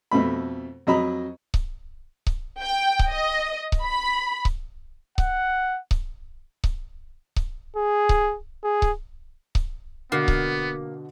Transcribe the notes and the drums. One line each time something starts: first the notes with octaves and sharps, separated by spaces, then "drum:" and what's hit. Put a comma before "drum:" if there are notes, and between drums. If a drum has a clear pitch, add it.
F2 B2 A3 B5
F2 F#3 D#5 A#5 B5
drum: kick C#1
drum: kick C#1
G5
drum: kick C#1
D#5
drum: kick C#1
B5
drum: kick C#1
F#5, drum: kick C#1
drum: kick C#1
drum: kick C#1
drum: kick C#1
G#4
drum: kick C#1
G#4
drum: kick C#1
drum: kick C#1
B2 D3 A#3 B3
drum: kick C#1